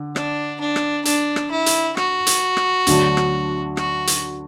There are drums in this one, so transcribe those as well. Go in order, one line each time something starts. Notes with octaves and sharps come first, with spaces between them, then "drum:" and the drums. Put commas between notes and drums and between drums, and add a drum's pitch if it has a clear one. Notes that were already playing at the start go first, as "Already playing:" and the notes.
Already playing: D3
D4, drum: rim click
D4
drum: rim click
D4, drum: hi-hat
drum: rim click
E4
drum: hi-hat
F#4, drum: rim click
drum: hi-hat
drum: rim click
D2 D3 F#3 D4, drum: hi-hat
drum: rim click
F#4, drum: rim click
drum: hi-hat